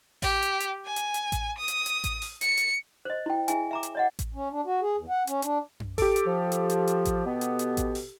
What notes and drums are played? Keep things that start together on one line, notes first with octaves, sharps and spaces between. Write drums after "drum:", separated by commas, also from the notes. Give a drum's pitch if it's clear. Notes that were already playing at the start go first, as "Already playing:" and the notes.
G4, drum: kick A1, open hi-hat
drum: hi-hat
drum: hi-hat
G#5
drum: hi-hat
drum: hi-hat
drum: kick A1, hi-hat
D#6
drum: hi-hat
drum: hi-hat
drum: kick A1, hi-hat
drum: open hi-hat
C#7, drum: hi-hat
drum: hi-hat
C5 D#5
E4 G5
E4 G#4 E5 G#5, drum: hi-hat
E5 A#5 D6
drum: hi-hat
C#5 D#5 F#5
drum: kick A1, hi-hat
C#4
D4
F#4
G#4
E2
F#5
C#4, drum: hi-hat
D4, drum: hi-hat
drum: tom F#2
G4 A4 D6, drum: kick A1, open hi-hat
drum: hi-hat
F3
drum: hi-hat
drum: hi-hat
drum: hi-hat
drum: kick A1, hi-hat
B2 B3
drum: hi-hat
drum: hi-hat
drum: kick A1, hi-hat
drum: open hi-hat